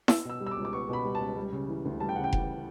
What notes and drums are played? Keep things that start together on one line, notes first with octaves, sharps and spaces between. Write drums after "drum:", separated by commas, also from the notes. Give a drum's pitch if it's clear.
B3 E6, drum: snare E4
B2 E6
G3
E6
D6
C#2
D6
B3 C#6
B2 B5
G3
A5
C#2
G3
C#3
E3
D2
G3 A5
G5
C#3 F#5
G5
E3, drum: kick F1